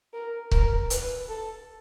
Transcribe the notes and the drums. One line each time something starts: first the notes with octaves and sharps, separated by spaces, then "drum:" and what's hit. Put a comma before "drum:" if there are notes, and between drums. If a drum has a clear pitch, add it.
A#4
A#4, drum: kick C#1
B4, drum: hi-hat
A4